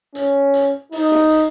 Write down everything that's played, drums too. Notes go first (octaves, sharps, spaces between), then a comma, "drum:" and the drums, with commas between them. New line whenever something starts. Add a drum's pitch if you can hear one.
C#4, drum: hi-hat
drum: hi-hat
D#4, drum: open hi-hat
drum: snare
drum: hi-hat